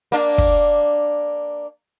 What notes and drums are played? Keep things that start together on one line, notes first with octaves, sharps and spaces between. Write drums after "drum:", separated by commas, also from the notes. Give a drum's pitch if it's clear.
A#3 D4
drum: kick